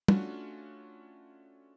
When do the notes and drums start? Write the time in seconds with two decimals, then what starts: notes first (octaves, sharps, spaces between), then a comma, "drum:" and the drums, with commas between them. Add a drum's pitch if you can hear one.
0.08 A3 C#4 D4 F4 F#4, drum: tom